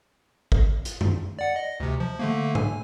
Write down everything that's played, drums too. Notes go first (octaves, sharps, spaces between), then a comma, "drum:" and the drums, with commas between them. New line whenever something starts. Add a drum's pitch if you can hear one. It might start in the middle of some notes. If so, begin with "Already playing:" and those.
drum: kick
drum: hi-hat
drum: tom F#2
D5 F#5 C#7
D#5
D2 C3
F3
D3 A3 A#3
G#5, drum: tom G#2